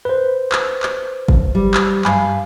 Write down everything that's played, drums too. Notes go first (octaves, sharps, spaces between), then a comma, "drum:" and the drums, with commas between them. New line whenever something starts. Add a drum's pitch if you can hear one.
B4 C5
drum: clap
drum: clap
drum: kick
G3
drum: clap
G2 F5 G#5 B5, drum: clap